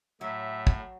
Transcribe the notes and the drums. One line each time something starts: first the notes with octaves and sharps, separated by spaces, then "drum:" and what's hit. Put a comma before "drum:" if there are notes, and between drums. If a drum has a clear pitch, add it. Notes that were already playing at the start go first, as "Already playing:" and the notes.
A2 F#3 E5
drum: kick